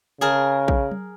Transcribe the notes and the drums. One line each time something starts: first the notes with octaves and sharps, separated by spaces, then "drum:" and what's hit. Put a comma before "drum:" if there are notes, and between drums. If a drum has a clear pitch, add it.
C#3 G#4 A#4 A5
drum: kick A#1
drum: tom F#3